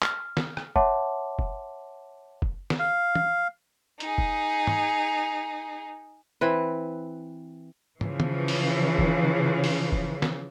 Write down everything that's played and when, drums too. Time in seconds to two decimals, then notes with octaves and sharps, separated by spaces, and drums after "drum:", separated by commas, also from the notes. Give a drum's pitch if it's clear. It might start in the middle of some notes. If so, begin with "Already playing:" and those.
0.02 F6, drum: clap
0.37 drum: snare
0.57 drum: rim click
0.76 C#5 E5 F#5 A5 C6 D6, drum: kick
1.39 drum: kick
2.42 drum: kick
2.70 drum: snare
2.79 F5
3.15 drum: tom
4.00 D#4 G#4, drum: hi-hat
4.18 drum: kick
4.67 drum: tom
6.41 E3 C4 B4
8.01 C#3 E3 F3, drum: tom
8.20 drum: tom
8.48 drum: open hi-hat
8.98 drum: kick
9.64 drum: open hi-hat
9.92 drum: kick
10.22 drum: snare